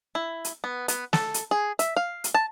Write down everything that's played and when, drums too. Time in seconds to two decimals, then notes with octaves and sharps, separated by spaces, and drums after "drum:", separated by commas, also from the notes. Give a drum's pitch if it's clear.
0.15 E4
0.45 drum: hi-hat
0.64 B3
0.88 B3, drum: hi-hat
1.13 A4, drum: snare
1.34 drum: hi-hat
1.51 G#4
1.79 E5, drum: hi-hat
1.97 F5
2.24 drum: hi-hat
2.34 A5